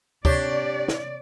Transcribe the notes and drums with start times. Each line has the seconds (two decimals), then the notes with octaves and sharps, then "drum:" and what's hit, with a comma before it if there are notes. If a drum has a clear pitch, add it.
0.25 C3 D4 G4 C#5 D5, drum: kick
0.88 drum: snare